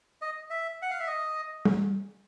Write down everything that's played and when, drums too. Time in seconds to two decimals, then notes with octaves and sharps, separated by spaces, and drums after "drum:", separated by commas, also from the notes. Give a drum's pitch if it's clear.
0.22 D#5
0.50 E5
0.82 F#5
0.91 F5
1.00 E5
1.07 D#5
1.65 drum: tom G3